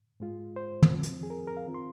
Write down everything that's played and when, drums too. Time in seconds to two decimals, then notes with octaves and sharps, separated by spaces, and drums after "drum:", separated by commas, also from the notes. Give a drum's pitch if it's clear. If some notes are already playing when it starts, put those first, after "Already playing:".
0.20 G#2 G#3 F4
0.56 C5
0.82 drum: tom
0.94 F2 F3 C4
1.03 drum: hi-hat
1.23 G#4
1.30 A#4
1.47 A#4
1.57 F5
1.66 D#3 C4 F4
1.74 C6